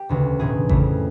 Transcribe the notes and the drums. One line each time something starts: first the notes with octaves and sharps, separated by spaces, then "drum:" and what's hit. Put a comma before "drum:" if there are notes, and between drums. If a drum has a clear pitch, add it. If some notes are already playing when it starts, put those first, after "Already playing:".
Already playing: G4
E1 D2 C#3
B1 A2 E3 G#4
F2 C#3 E3 A3, drum: kick A1